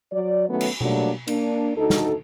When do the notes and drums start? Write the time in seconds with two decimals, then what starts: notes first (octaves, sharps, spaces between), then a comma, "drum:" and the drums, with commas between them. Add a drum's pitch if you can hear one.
0.12 F#3 D5
0.48 D#3 F#3 A3 B3 C#4
0.61 drum: cymbal
0.81 F#3 G3 A3 A#3 D4, drum: tom B2
1.28 A#3 D4, drum: cymbal
1.77 D2 D#4 F#4 A4
1.90 drum: snare